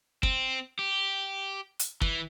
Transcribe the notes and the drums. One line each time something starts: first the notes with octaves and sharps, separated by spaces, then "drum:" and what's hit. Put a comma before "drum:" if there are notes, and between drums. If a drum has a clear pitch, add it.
C4, drum: kick
G4
drum: hi-hat
E3, drum: kick